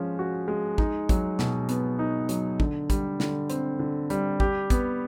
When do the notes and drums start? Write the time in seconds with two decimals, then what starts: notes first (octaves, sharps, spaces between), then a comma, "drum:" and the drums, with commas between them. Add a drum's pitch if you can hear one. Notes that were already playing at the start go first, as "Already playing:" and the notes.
Already playing: F3 G#3 C#4
0.19 F#4
0.48 G#3
0.78 D#4, drum: kick
1.09 F#3, drum: kick, hi-hat
1.39 B2, drum: snare
1.69 B3, drum: hi-hat
1.99 D#4
2.29 F#3, drum: hi-hat
2.60 D3, drum: kick
2.90 G3, drum: kick, hi-hat
3.20 D3, drum: snare
3.50 C4, drum: hi-hat
3.79 D3
4.10 G3, drum: hi-hat
4.40 G4, drum: kick
4.70 B3, drum: kick, hi-hat